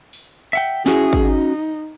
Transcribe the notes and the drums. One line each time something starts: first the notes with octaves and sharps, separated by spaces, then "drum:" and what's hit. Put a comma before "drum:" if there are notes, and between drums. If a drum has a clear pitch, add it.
drum: open hi-hat
E5 F#5 G5
C#4 E4 F#4 G#4, drum: snare
drum: kick
D#4